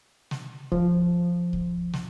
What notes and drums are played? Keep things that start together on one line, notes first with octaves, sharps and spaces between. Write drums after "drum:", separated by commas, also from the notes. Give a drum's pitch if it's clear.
drum: snare
F3, drum: kick C2
drum: kick C2
drum: snare